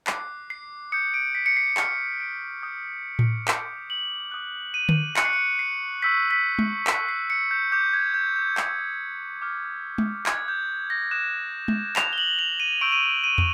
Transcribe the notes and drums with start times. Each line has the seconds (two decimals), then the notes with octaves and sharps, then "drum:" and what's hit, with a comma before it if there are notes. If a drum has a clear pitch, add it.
0.07 D6 F#6 C7, drum: clap
0.50 C7
0.92 D#6 G6 C#7
1.14 D7
1.35 B6
1.46 C#7
1.57 C7
1.77 C#6 F6 C#7, drum: clap
2.20 D7
2.62 D#6 G6
3.19 drum: tom A2
3.48 D6 G6, drum: clap
3.90 F#7
4.32 D#6 F#6
4.74 D#7
4.89 drum: tom D3
5.16 C#6 F#6 C#7, drum: clap
5.25 C7
5.33 C#7
5.59 C7
6.02 C#6 E6 G6 B6
6.31 B6
6.59 drum: tom G#3
6.87 C#6 F#6 B6, drum: clap
7.09 C7
7.30 C#7
7.51 G6
7.72 D6 G6
7.93 G#6
8.14 G6
8.36 G6
8.57 D#6 G6, drum: clap
9.42 D6 F6
9.98 drum: tom G#3
10.26 D#6 F#6 G#6, drum: clap
10.48 G6
10.90 A#6
11.11 D#6 F#6 E7
11.68 drum: tom G#3
11.96 D#6 G6 F7, drum: clap
12.13 G7
12.18 F#7
12.39 F7
12.60 D#7
12.81 C#6 E6 G6 D7
12.92 D#7
13.03 D7
13.24 D#7
13.38 drum: tom